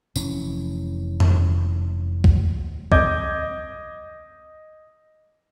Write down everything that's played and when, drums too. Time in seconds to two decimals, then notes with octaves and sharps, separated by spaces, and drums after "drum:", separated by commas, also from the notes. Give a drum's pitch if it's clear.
0.16 F1 E3 C#4, drum: tambourine
1.20 drum: tom F2
2.24 drum: kick C2
2.92 D#5 D6 G6 G#6, drum: kick C2